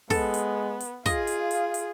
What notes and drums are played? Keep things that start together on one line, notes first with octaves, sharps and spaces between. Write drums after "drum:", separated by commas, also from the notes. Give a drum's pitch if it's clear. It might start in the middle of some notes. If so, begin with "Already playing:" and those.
G#3 B3 A4, drum: kick, open hi-hat
drum: hi-hat
drum: hi-hat
F4 G#4 D#5 F5, drum: kick, hi-hat
drum: hi-hat
drum: hi-hat
drum: hi-hat